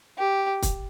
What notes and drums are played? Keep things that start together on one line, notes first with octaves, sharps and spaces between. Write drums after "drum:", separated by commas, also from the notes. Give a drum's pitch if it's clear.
G4
drum: kick, hi-hat